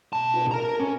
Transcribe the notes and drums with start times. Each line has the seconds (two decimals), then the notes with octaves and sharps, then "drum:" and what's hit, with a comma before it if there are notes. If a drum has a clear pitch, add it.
0.13 B2 A5
0.33 drum: cymbal
0.51 A#4 A#5
0.80 C#4